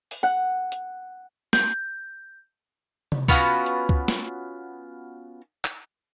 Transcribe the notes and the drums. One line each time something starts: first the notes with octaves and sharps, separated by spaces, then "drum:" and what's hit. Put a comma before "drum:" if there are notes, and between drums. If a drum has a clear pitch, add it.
drum: open hi-hat
F#5
drum: hi-hat
G6, drum: snare
drum: tom C3
B3 C#4 F4 F#4, drum: kick C#2
drum: hi-hat
drum: kick C#2
drum: snare
drum: clap